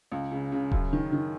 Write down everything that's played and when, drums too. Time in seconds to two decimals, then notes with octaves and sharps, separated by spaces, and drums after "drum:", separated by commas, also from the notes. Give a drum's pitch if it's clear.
0.12 C#2
0.32 C#3
0.52 C#3
0.72 F#2, drum: kick D#1
0.93 D#3
1.12 D#3